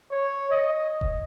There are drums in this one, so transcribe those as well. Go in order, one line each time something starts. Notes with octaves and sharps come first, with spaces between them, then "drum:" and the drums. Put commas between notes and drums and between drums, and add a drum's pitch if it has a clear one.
C#5
D#5
drum: kick E1